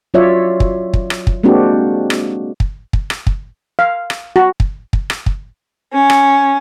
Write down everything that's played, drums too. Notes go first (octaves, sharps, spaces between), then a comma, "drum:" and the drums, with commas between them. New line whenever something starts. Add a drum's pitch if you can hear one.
F#3 F4 C#5 D5 E5
drum: kick
drum: kick
drum: rim click
drum: kick
G#3 A#3 C4 D4 F#4 G4
drum: rim click
drum: kick
drum: kick
drum: rim click
drum: kick
F5
drum: rim click
F#4
drum: kick
drum: kick
drum: rim click
drum: kick
C#4
drum: rim click